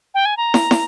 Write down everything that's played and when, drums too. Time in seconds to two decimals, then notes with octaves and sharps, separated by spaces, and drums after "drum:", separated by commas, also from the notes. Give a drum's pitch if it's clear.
0.14 G5
0.25 G#5
0.37 A#5
0.54 drum: snare
0.71 drum: snare